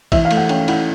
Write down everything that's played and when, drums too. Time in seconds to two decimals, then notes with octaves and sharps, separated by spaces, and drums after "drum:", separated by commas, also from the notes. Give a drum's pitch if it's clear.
0.12 E3 E5, drum: kick, cymbal
0.25 F5
0.31 A3, drum: cymbal
0.37 F#5
0.49 C#4 G5, drum: cymbal
0.68 E4 F#5, drum: cymbal